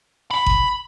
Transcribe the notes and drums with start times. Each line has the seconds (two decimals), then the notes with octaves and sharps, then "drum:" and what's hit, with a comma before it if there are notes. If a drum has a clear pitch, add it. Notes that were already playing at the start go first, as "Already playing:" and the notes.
0.31 B5
0.46 drum: kick G#1